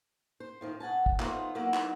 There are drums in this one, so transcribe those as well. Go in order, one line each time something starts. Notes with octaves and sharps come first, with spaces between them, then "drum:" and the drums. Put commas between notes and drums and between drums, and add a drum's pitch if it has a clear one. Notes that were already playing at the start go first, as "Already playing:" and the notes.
C5
A2 D#3 F3
B2 F#5 G#5 A5
drum: kick
F3 A3 B3 C4 D#4 F4, drum: clap
F#3 A#3 B3 D#4 E4 F#4
drum: clap